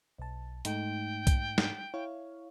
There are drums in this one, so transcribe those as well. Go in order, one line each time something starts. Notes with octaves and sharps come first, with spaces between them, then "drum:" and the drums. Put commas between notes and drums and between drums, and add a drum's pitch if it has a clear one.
B1 A5
G#2 A3 D#4 G5, drum: hi-hat
drum: kick B1, hi-hat
drum: snare
E4 C#5 F5